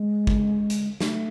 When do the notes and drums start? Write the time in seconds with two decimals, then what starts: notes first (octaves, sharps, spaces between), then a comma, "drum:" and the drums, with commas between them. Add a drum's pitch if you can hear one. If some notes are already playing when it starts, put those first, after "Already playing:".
Already playing: G#3
0.27 drum: kick
0.70 drum: hi-hat
1.00 A3, drum: snare